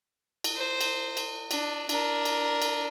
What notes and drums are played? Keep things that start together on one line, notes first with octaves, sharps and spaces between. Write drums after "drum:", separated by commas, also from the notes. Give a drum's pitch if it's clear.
drum: cymbal
C5
drum: cymbal
drum: cymbal
D4, drum: cymbal
D4 A#4, drum: cymbal
drum: cymbal
drum: cymbal